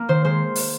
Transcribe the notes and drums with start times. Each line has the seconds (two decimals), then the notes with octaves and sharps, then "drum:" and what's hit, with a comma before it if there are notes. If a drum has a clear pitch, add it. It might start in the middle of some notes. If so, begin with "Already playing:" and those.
Already playing: A#3
0.08 D#3 C5
0.24 G#3 C5
0.56 drum: open hi-hat